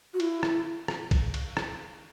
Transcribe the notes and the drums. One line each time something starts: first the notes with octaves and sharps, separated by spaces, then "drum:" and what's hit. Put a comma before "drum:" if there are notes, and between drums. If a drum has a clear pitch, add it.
F#4
E4, drum: cymbal
drum: rim click
drum: rim click
drum: kick A#1, cymbal
drum: cymbal
drum: rim click